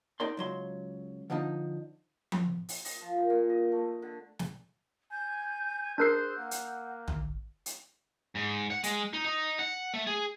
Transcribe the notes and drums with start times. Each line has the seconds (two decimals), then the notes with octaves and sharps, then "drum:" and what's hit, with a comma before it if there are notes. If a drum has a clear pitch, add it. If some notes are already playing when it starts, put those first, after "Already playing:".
0.20 D#4 A#4 D5 C6
0.37 C#2 F#3 C6
1.30 D3 F3 D4 D#4
2.32 drum: tom F3
2.69 drum: open hi-hat
2.85 D#5, drum: open hi-hat
3.01 F3
3.17 D#3
3.30 A#2
3.50 D#5
3.72 A3
4.02 D3
4.39 drum: snare
5.11 G#5 G6
5.98 D4 G#4 A#4 C5 E6 F#6 G6 C7
6.37 A#3 F#5
6.51 drum: hi-hat
7.08 drum: tom
7.66 drum: hi-hat
8.35 G#2
8.71 F#5
8.84 G#3, drum: hi-hat
9.13 D#4
9.25 D#4
9.59 F#5
9.94 A3
10.07 G#4